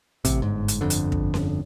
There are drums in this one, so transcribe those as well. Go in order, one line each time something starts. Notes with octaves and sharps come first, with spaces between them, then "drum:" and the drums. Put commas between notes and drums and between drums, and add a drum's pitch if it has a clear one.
A1 C3, drum: kick, hi-hat
G1 G#2
drum: hi-hat
G1 F2 D3
drum: hi-hat
drum: kick
drum: snare C#4